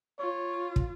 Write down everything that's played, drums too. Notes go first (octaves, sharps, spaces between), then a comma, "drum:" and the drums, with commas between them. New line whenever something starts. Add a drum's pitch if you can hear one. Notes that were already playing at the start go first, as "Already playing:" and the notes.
F4 C#5
drum: kick